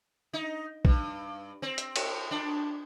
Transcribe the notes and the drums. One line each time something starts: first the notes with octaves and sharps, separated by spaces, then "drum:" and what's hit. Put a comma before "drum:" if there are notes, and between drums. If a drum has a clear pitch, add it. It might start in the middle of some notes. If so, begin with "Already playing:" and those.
D#4
G2, drum: kick
C4
drum: hi-hat
drum: cymbal
D4